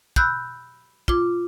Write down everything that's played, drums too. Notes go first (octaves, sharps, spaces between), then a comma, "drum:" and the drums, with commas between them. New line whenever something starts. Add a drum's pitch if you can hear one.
B5 E6 F#6 G6, drum: kick
F4 D6, drum: kick